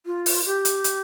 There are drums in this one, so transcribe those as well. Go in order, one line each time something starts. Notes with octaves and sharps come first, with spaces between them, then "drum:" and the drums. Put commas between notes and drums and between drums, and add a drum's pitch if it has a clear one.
F4
drum: open hi-hat
G4
drum: hi-hat
drum: hi-hat